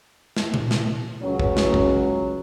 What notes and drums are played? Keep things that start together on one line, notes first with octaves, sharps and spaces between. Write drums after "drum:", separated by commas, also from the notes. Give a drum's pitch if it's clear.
drum: snare
drum: tom A#2
drum: snare
C#2 F#3 C#4
drum: kick
drum: snare
drum: kick